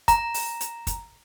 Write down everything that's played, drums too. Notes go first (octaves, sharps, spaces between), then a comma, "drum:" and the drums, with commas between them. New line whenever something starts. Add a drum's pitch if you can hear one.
A#5, drum: kick, hi-hat
drum: open hi-hat
drum: hi-hat
drum: kick, hi-hat